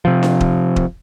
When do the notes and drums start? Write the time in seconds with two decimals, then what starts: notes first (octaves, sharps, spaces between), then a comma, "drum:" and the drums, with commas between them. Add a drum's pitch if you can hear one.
0.05 C3 F3
0.23 drum: snare D4
0.40 drum: kick D#1
0.76 drum: kick D#1